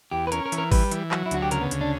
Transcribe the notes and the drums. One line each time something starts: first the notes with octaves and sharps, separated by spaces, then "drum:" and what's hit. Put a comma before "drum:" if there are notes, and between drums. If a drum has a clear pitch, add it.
E2 G4
B4
C#4 A#4, drum: hi-hat
A#4
E3, drum: hi-hat
A#4
G3 B4, drum: kick G#1, open hi-hat
E3, drum: hi-hat
F#3, drum: clap
E4
D2 F#4, drum: hi-hat
G4
C#3 A#4, drum: hi-hat
B3
D2, drum: hi-hat
D4